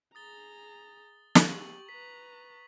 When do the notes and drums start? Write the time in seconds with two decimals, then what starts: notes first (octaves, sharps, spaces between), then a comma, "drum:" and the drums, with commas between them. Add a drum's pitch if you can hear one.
0.15 G#4 A#5 D#6 A6 G7
1.35 drum: snare
1.45 G4 C#6 F#7
1.89 B4 A#5 B6